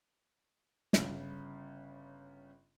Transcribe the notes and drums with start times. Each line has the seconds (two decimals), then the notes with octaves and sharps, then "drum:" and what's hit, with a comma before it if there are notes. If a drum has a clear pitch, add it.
0.93 G1 C#3, drum: snare